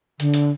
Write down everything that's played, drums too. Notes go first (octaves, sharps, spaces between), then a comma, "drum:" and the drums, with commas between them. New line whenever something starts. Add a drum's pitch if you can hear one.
D3, drum: hi-hat
drum: hi-hat